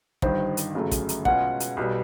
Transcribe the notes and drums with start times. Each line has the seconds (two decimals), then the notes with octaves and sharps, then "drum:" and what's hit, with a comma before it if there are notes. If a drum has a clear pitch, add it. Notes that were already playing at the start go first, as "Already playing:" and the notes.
0.22 G1 G2 D#3 C5, drum: kick
0.57 drum: hi-hat
0.75 G1 F#2 C#3 F#3 A3
0.91 drum: kick, hi-hat
1.09 drum: hi-hat
1.25 B2 G#3 C#4 F4 G#4 F#5, drum: kick
1.60 drum: hi-hat
1.77 B1 B2 G3